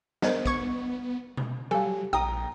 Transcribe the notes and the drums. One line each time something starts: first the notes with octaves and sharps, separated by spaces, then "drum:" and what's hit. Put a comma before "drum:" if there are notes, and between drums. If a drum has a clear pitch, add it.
B3 D4 A#4 C5 D#5, drum: snare
C#6 G#6 C#7, drum: kick
drum: tom B2
F#3 G3 A4 F5 G#5
A#1 G5 A#5 D#6